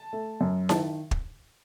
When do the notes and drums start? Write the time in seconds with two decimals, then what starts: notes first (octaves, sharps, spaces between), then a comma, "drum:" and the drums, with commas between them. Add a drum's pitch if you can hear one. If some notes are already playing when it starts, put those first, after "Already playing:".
Already playing: A5
0.13 A3
0.41 F#2
0.69 D#3 A5, drum: snare E4
1.11 drum: kick